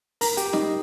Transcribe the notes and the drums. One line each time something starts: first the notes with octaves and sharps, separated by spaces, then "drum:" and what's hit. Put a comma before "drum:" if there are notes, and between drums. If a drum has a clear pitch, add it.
A#4 A#5, drum: open hi-hat
G4 G5, drum: hi-hat
D#4 D#5, drum: snare